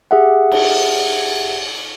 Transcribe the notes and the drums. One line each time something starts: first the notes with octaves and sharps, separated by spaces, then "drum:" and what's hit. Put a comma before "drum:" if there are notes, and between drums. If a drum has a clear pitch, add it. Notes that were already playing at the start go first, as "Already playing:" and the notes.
G4 G#4 E5 F#5
drum: cymbal